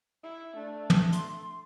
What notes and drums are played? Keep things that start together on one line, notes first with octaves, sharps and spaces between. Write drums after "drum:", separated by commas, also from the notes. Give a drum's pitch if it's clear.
E4
A3 D4 D5
drum: tom
C6, drum: hi-hat